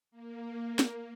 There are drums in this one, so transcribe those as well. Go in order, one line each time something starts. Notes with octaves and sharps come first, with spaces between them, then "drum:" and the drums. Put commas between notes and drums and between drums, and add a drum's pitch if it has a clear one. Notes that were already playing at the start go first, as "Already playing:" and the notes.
A#3
drum: snare